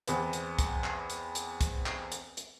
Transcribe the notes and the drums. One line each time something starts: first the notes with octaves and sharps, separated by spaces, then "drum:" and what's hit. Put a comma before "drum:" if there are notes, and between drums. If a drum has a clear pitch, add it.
E2 B3 C4, drum: hi-hat
drum: hi-hat
drum: kick, hi-hat
drum: clap
drum: hi-hat
drum: hi-hat
drum: kick, hi-hat
drum: clap
drum: hi-hat
drum: hi-hat